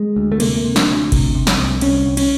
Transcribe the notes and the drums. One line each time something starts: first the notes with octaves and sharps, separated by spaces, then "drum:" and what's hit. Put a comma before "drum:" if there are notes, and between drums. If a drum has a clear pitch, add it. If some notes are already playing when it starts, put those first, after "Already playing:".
Already playing: G#3
D2
A3
C3 A#3, drum: cymbal
C3
D4, drum: snare
D2
C3, drum: kick G1, cymbal
C3
drum: snare
C2
C2 C#4, drum: cymbal
C2
C#4, drum: cymbal